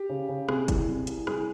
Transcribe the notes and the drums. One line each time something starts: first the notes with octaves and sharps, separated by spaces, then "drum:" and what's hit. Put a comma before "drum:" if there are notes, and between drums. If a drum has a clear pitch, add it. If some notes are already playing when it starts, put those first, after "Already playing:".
Already playing: G4
C#3
C#3
C3 G#4, drum: rim click
C2, drum: kick, hi-hat
C3
C2, drum: hi-hat
C2 G#4, drum: rim click